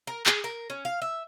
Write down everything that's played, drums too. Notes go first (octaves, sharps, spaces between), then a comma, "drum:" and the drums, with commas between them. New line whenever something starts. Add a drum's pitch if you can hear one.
A#4
G#4, drum: clap
A#4
C#4
F5
E5